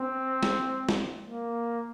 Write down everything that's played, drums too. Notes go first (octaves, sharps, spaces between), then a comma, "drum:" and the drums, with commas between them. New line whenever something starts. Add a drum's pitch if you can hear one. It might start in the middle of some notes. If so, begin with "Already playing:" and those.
Already playing: C4
drum: snare
drum: snare
A#3